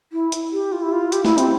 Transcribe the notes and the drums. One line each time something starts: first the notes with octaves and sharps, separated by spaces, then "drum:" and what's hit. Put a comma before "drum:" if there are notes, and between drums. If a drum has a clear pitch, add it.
E4
drum: hi-hat
G4
F4
E4
F4
G4, drum: hi-hat
E4, drum: snare
C4, drum: hi-hat